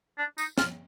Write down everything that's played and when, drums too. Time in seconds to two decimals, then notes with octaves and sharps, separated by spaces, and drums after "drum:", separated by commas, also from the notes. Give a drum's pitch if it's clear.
0.18 D4
0.38 D#4, drum: tambourine
0.58 F4, drum: snare